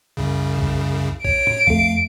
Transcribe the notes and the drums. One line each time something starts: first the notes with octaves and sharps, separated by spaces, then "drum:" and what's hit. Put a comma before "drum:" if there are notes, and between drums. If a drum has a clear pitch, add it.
C2 F#2 C#3
drum: kick A#1
C#5 D7, drum: kick A#1
drum: tom
F2 A3 F5, drum: kick A#1